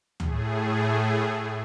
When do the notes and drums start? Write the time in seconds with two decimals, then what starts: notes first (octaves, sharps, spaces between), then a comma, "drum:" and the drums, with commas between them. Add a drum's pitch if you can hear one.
0.20 A2 A3 G#4, drum: tom D2